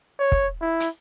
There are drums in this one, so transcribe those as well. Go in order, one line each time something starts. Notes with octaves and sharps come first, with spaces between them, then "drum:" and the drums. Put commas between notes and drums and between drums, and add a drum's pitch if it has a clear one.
C#5
drum: kick
E4
drum: hi-hat